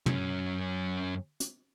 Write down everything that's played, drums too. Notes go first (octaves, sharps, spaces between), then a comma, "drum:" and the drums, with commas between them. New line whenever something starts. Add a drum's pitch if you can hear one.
F#2 C#4, drum: tom
drum: hi-hat